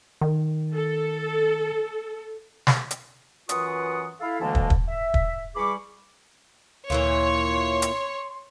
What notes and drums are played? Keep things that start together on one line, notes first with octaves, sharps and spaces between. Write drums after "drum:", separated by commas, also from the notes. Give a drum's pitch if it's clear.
D#3
A4
drum: snare
drum: hi-hat
F#2 E3 F4 B4 C#6 D#6, drum: hi-hat
E4 A4 F5
D2 D3 E3 G#3 A#3 A5
drum: kick
drum: kick
E5
drum: kick
E3 G3 G#4 B5 C#6 D6
D2 A#2 E3 A#3 C#5 C6
drum: hi-hat